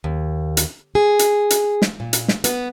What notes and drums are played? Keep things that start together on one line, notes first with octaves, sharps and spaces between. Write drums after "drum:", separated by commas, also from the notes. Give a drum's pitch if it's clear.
D#2
drum: hi-hat
G#4
drum: hi-hat
drum: hi-hat
drum: snare
A#2
drum: hi-hat
drum: snare
B3, drum: hi-hat